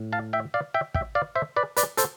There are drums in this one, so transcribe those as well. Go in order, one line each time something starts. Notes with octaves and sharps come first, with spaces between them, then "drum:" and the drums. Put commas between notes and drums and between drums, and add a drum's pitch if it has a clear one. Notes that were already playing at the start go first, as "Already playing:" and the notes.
Already playing: A2
F5 A5
E5 G5
D5 F5
E5 G5
E5 G5, drum: kick
D5 F5
C5 E5
B4 D5
B4 D5, drum: hi-hat
A4 C5, drum: hi-hat